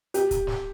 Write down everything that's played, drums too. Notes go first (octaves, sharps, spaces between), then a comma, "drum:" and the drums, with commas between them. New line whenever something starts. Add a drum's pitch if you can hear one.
G4, drum: hi-hat
drum: kick C#1, hi-hat
drum: snare